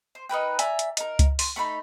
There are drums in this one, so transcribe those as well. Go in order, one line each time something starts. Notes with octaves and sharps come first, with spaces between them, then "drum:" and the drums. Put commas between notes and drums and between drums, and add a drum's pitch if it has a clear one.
C5
D#4 A#4 B4 G5
D5 E5 G#5 A#5, drum: hi-hat
drum: hi-hat
D#4 A#4, drum: hi-hat
drum: kick C#2, hi-hat
C6, drum: open hi-hat
A3 D#4 B5